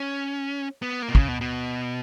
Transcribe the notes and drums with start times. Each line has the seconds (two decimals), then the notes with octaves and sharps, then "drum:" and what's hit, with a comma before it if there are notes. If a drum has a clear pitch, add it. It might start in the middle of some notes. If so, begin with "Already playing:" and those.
Already playing: C#4
0.82 B3
1.02 A#3
1.09 B2
1.15 C#3, drum: kick
1.28 B2
1.41 B2